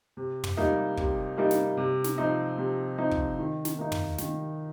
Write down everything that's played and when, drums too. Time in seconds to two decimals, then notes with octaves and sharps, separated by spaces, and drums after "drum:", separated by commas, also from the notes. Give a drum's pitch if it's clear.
0.17 C3
0.44 drum: tom
0.57 G3 A#3 D#4
0.97 C3, drum: kick
1.37 G3 A#3 D#4
1.51 drum: snare
1.77 C3
2.04 drum: snare
2.18 F3 C4 D#4
2.58 C3
2.98 F3 C4 D#4
3.11 drum: kick
3.39 D#3
3.65 drum: snare
3.78 A#3 D#4
3.92 drum: tom
4.18 D#3, drum: snare